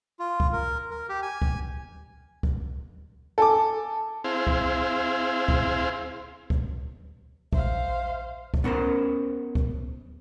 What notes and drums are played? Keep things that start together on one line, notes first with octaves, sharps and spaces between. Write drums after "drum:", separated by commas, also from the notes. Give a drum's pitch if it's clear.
F4
drum: kick C#2
A#4
A#4
G4
G#5
drum: kick C#2
drum: kick C#2
A4 G#5 D6
C4 E4 G#4 C5 F5
drum: kick C#2
drum: kick C#2
drum: kick C#2
A#1 C5 E5 F5, drum: kick C#2
drum: kick C#2
B3 C#4 A#4 C5
drum: kick C#2